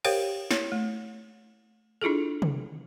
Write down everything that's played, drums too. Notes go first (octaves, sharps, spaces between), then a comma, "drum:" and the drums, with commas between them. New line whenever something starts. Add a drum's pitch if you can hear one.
G4 A#4 C5 C#5 F5 G5, drum: cymbal
E4 C#5, drum: snare
A3
D4 E4 F4 G#4 A4
drum: tom